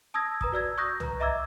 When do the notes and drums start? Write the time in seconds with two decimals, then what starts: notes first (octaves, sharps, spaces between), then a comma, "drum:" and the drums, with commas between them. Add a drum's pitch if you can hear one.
0.14 A5 D#6 E6 G#6 A#6
0.41 B4 A#5 D#6, drum: kick
0.52 F#4 D5 E6 G#6
0.78 C#6 D#6 F#6 G6 A#6
1.00 B4 A#5, drum: tom
1.20 D#5 E5 A#5 D6 E6 G#6